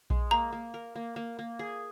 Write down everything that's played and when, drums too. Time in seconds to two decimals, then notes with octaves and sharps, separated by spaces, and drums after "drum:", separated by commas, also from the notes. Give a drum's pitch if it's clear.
0.10 G#3, drum: kick A#1
0.31 A#3 A#5
0.52 A#3
0.74 A#4
0.95 A#3
1.16 A#3
1.39 A#3
1.59 G#4